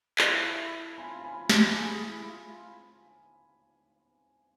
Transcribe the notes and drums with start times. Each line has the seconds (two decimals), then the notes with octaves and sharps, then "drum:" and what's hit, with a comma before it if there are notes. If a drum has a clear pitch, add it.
0.18 E4 F5 A5, drum: clap
0.98 F4 G#5 B5
1.24 G#5 B5
1.38 F4
1.50 A5 C6, drum: snare
1.76 G#4 G#5 B5
2.03 E4
2.28 F4